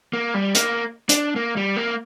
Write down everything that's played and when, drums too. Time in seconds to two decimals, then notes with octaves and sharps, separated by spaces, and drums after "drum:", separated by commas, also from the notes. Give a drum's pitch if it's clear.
0.13 A#3
0.34 G3
0.55 A#3, drum: hi-hat
1.09 D4, drum: hi-hat
1.36 A#3
1.57 G3
1.76 A#3